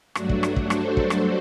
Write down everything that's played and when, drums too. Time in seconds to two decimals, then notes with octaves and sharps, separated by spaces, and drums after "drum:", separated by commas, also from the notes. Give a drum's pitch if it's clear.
0.15 G2 F#3 A3 D4 F#4, drum: rim click
0.29 drum: kick
0.43 drum: rim click
0.56 drum: kick
0.70 A4 C5, drum: rim click
0.97 drum: kick
1.10 drum: rim click